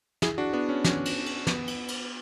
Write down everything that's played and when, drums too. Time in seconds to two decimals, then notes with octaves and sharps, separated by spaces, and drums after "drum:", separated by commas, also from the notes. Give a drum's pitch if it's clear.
0.22 E4 G#4, drum: snare
0.38 D4 F#4
0.53 B3 D4
0.69 C#4
0.84 C#4, drum: snare
1.05 drum: cymbal
1.26 drum: cymbal
1.47 B3, drum: snare
1.68 drum: cymbal
1.88 drum: cymbal